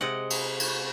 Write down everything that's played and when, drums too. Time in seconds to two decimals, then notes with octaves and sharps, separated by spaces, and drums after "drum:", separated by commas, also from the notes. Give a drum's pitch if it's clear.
0.01 C3 G#3 D#5 F#5
0.30 drum: cymbal
0.60 drum: cymbal